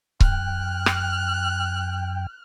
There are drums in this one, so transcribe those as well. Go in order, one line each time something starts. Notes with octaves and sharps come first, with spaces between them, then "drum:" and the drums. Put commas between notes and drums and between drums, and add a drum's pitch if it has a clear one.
F#2 G5 F6 F#6, drum: kick C#1
drum: rim click